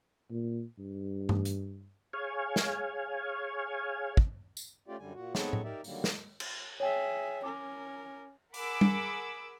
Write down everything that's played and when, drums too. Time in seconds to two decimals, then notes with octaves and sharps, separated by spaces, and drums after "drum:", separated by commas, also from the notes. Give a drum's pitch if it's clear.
0.30 A#2
0.79 G2
1.29 drum: tom G2
1.45 drum: hi-hat
2.13 G#4 C#5 F5 G#5
2.56 drum: snare
4.17 drum: kick
4.57 drum: tambourine
4.88 A3 C#4 F4 G4 D5
4.99 F#2 D3 G3 G#5
5.14 A#2 F#4
5.35 B3 C4 D#4 G#4 A4 C#5, drum: snare
5.53 drum: tom A2
5.64 D#4 G4 A#4 D5 E5
5.84 D3 D#3 F#3 G3 A#3, drum: open hi-hat
6.04 drum: snare
6.40 drum: cymbal
6.80 G#4 C#5 E5 G5
7.43 C#4 A#4 D6
8.54 G#4 A#4 F#5 B5 D6 E6, drum: open hi-hat
8.81 drum: tom G3